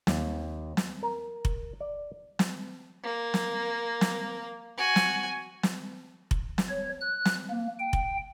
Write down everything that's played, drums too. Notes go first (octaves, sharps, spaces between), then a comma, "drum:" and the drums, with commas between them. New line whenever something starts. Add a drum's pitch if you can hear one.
D#2, drum: snare
drum: snare
A#4
drum: kick F1
D5
drum: snare
A#3
drum: snare
drum: snare
F#4 G#5
drum: snare
drum: snare
drum: kick F1
drum: snare
C#5
F#6
drum: snare
A#3
G5
drum: kick F1